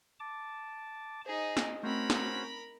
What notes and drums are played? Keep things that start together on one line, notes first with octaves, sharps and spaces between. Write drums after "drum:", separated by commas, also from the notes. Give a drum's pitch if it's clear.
A5 D6
D#4 G#4 C5
drum: snare
A3 C4 C#4 F#4 A#4 C5 B5
drum: snare